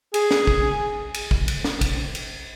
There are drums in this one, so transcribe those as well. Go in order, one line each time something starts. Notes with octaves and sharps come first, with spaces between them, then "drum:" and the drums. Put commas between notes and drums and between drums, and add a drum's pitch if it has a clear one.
G#4, drum: cymbal
drum: snare
drum: kick
drum: cymbal
drum: kick
drum: cymbal
drum: snare
drum: kick, cymbal
drum: cymbal